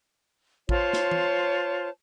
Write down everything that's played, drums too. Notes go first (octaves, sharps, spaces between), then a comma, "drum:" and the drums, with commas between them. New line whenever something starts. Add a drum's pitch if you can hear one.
F4 C5 C#5 A5, drum: kick A1
drum: snare
drum: tom E3